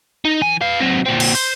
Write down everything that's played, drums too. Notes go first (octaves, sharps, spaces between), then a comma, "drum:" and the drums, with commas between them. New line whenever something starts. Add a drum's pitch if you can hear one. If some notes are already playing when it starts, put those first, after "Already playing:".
D#4
E3 G#5
B4 F5
C3 F#3
A#2 C4
drum: cymbal
C5, drum: open hi-hat